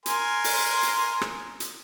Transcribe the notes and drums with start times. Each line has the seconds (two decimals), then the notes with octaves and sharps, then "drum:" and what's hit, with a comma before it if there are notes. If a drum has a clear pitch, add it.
0.06 A#4 G#5 C6, drum: hi-hat
0.44 drum: open hi-hat
0.83 drum: hi-hat
1.21 drum: rim click
1.60 drum: hi-hat